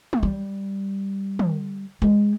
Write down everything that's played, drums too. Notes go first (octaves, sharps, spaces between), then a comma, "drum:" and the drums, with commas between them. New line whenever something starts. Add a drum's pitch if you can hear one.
drum: tom
G3
drum: tom
G#3